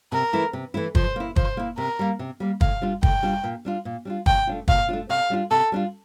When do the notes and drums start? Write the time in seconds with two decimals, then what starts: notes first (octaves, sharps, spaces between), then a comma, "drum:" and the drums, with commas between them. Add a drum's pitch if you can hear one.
0.12 C3 A#4
0.33 E3 A3 E4
0.53 C3
0.74 E3 A3 E4
0.95 F3 C5, drum: kick
1.16 A#3 E4
1.36 F3 C5, drum: kick
1.57 A#3 E4
1.78 C3 A#4
1.99 G3 A#3
2.19 C3
2.40 G3 A#3
2.61 A2 F5, drum: kick
2.81 G3 D4 F4
3.03 A2 G5, drum: kick
3.23 G3 D4 F4
3.44 A#2
3.65 G3 D4 F4
3.85 A#2
4.05 G3 D4 F4
4.26 A#2 G5, drum: kick
4.47 A3 D4 F4
4.68 A#2 F5, drum: kick
4.89 A3 D4 F4
5.09 C3 F5
5.30 G3 D4 F4
5.50 C3 A4
5.72 G3 D4 F4